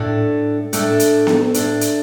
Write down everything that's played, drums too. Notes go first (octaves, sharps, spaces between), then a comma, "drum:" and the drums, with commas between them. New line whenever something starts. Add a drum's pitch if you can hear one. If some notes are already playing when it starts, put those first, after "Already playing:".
Already playing: A2 A3 D4
A2 A3 D4, drum: hi-hat
drum: hi-hat
drum: snare B3
A2 A3 D4, drum: hi-hat
drum: hi-hat